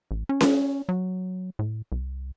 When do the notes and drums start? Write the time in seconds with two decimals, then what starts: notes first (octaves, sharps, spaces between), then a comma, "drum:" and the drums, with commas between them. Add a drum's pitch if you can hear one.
0.11 A1
0.29 C#4
0.41 drum: snare C#4
0.89 F#3
1.59 A2
1.92 C2